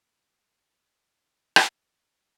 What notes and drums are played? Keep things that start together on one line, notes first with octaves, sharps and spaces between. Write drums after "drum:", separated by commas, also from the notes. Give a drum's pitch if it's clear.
G4 G#4 D#6
drum: rim click